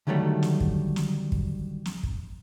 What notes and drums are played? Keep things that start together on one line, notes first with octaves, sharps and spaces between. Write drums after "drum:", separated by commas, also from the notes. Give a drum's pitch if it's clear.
D3 D#3 F#3 G3 A3
drum: snare
drum: kick
drum: snare
drum: kick
drum: snare
drum: kick